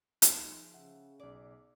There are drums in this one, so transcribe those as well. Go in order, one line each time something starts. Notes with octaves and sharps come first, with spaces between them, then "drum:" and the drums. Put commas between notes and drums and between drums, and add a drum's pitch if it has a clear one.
F3 D#4 F4 G#4 B5, drum: hi-hat
C#3 E5 F#5
B1 G#4 D5